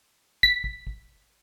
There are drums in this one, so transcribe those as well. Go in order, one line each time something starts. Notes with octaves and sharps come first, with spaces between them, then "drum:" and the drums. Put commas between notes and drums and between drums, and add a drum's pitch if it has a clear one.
B6, drum: kick
drum: kick
drum: kick